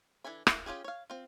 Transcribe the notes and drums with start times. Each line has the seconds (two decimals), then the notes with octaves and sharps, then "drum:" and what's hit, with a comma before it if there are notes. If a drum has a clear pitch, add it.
0.24 E3 D4 A4 G#5 B5
0.47 E4 F4 A#4, drum: rim click
0.66 C#4 F4 G4 G#4
0.84 C#5 F5
1.10 C4 F4